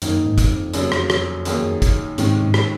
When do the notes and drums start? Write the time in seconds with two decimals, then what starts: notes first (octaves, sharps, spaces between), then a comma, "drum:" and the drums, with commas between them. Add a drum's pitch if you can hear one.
0.02 F#2 D#3 A#3 D#4, drum: hi-hat
0.26 G#2
0.38 drum: kick, hi-hat
0.50 F2
0.74 F#2 C#3 F#3 A#3, drum: hi-hat
0.92 drum: rim click
1.10 drum: rim click
1.45 F#2 D#3 A#3 D#4 G#4, drum: hi-hat
1.82 drum: kick, hi-hat
2.18 G#2 C3 D#3 G#3 C#4 G#4, drum: hi-hat
2.42 G#2
2.54 drum: rim click